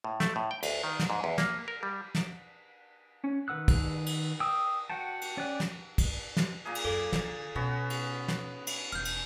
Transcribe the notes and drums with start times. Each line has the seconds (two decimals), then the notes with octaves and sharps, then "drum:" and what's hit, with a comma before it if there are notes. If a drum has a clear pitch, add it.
0.04 A2
0.20 A3, drum: snare
0.36 A2
0.51 G5
0.63 D2, drum: cymbal
0.84 D#3
1.00 drum: snare
1.10 G#2
1.24 E2
1.38 A#3, drum: snare
1.68 A#4
1.83 G3
2.15 drum: snare
3.24 C#4
3.48 D#3 B4 F#5 E6 F#6
3.68 drum: kick, cymbal
4.06 drum: cymbal
4.40 G5 D#6 E6
4.90 F#4 F#5 G5 A5
5.21 drum: cymbal
5.37 C#4 D5 G5 G#5 F#6
5.60 drum: snare
5.98 drum: kick, cymbal
6.37 drum: snare
6.65 A#2 A#3 G#4
6.75 drum: cymbal
6.85 F#2 A4 D5
7.13 D3, drum: snare
7.55 B2 B3 C#4 F#4
7.90 drum: cymbal
8.28 drum: snare
8.67 drum: cymbal
8.92 E1 F6 G6
9.05 drum: cymbal